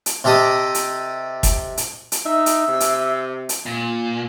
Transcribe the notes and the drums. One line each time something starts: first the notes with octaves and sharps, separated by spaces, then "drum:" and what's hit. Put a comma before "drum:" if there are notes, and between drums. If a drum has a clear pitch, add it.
drum: hi-hat
C3 G4 A4 D#5 D#6
drum: hi-hat
drum: kick, hi-hat
drum: hi-hat
drum: hi-hat
D#4 E5
drum: hi-hat
C3
drum: hi-hat
drum: hi-hat
A#2